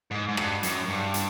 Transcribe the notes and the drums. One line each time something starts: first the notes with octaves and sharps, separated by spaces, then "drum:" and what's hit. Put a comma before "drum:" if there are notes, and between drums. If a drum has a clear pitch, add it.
G#2
G#2
G2, drum: rim click
F#2, drum: hi-hat
G2
drum: hi-hat